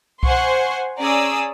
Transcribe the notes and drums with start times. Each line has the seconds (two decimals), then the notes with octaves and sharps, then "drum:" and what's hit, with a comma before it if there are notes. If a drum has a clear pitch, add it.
0.23 C5 F#5 G#5 C6 C#6, drum: kick C2
0.99 C#4 G#4 D5 A#5 D#6 E6